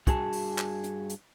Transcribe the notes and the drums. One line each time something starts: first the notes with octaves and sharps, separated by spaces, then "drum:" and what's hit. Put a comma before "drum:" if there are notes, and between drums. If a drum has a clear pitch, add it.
G2 F#4 G#4 G#5 A5, drum: kick, hi-hat
drum: open hi-hat
drum: clap
drum: hi-hat
drum: hi-hat